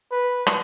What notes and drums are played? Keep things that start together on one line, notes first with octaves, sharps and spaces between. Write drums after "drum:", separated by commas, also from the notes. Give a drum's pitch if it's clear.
B4
drum: rim click